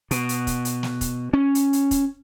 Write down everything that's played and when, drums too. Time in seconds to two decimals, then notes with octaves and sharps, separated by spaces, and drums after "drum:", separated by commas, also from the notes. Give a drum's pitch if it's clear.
0.11 B2, drum: hi-hat
0.29 drum: hi-hat
0.47 drum: kick, hi-hat
0.65 drum: hi-hat
0.83 drum: snare
1.01 drum: kick, hi-hat
1.33 C#4
1.55 drum: hi-hat
1.73 drum: hi-hat
1.91 drum: kick, hi-hat